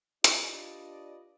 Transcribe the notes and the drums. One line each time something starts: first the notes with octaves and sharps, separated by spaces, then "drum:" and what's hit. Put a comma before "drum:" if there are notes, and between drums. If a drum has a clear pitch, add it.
D4 F4 G4 B4 D5 D#5, drum: hi-hat